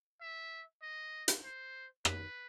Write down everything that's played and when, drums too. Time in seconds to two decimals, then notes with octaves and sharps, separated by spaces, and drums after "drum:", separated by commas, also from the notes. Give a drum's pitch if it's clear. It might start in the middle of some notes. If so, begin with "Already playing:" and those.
0.21 E5
0.82 D#5
1.28 drum: hi-hat
1.44 C5
2.05 B4, drum: rim click